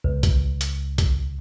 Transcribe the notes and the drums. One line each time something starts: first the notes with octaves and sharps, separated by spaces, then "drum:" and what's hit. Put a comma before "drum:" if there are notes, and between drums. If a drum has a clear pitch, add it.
C#2
drum: kick B1, hi-hat
drum: hi-hat
drum: kick B1, hi-hat